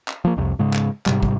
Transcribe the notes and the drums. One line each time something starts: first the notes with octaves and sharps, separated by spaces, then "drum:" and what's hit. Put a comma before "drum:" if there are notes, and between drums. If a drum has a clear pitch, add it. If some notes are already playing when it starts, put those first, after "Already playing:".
drum: clap
F3 A#3
C2 F2 C3
G#2 C#3 G#3
drum: clap
G#2 C3 G3, drum: clap
drum: kick